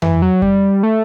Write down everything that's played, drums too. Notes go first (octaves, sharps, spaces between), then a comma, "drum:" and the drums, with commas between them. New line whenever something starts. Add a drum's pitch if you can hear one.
E3, drum: tom F2
F#3
G3, drum: kick F2
A3